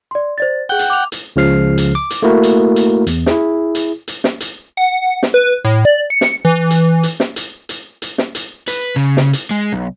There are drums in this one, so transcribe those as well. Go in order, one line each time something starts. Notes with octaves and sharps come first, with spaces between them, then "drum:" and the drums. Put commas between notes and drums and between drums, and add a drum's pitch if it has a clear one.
D5 C6
C5 D5 A6
G#4 F#5 G5 G7
drum: hi-hat
D6 F7
drum: hi-hat
C#2 C#3 F3 F6 C7
drum: hi-hat
D6
drum: hi-hat
A3 A#3 E4 F#4 A#4
drum: hi-hat
drum: hi-hat
E2, drum: hi-hat
E4 G#4, drum: snare
drum: hi-hat
drum: hi-hat
drum: snare
drum: hi-hat
F#5
drum: snare
B4
A2
D5
C#7
drum: snare
E3
drum: hi-hat
drum: hi-hat
drum: snare
drum: hi-hat
drum: hi-hat
drum: hi-hat
drum: snare
drum: hi-hat
B4, drum: hi-hat
C#3
drum: snare
drum: hi-hat
G#3
B1